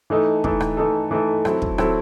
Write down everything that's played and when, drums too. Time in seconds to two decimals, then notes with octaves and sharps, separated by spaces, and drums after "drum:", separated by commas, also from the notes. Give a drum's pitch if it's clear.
0.10 E3 A3 D#4 A4
0.44 E3 A3 D#4 A4, drum: kick
0.60 drum: rim click
0.77 E3 A3 D#4 A4
1.11 E3 A3 D#4 A4
1.45 F#3 C4 E4 A4, drum: rim click
1.62 drum: kick
1.78 F#3 C4 E4 A4, drum: rim click